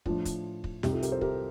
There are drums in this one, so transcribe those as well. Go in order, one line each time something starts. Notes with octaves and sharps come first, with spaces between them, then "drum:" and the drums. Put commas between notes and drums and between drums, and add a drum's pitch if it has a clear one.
A2 F3 D4 F4, drum: kick
drum: kick, hi-hat
drum: kick
C2 C3 G3 D#4 G4, drum: snare
F4 A4
G4 A#4, drum: hi-hat
A4 C5
G4 A#4, drum: kick